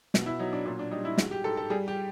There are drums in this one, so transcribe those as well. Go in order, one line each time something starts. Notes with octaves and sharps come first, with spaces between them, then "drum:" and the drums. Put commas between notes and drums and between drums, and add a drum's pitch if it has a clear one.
B2, drum: snare
E4
F#3 D#4
D4
A#2 D4
D4
G3 D#4
E4
G#3 F#4, drum: snare
G4
G#2 A4
A4
G3 G#4
G4